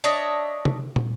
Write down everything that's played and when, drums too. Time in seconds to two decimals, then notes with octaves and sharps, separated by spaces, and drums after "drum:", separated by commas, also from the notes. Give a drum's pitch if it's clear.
0.04 D4 C#5 D#5 E5
0.65 drum: tom C3
0.96 drum: tom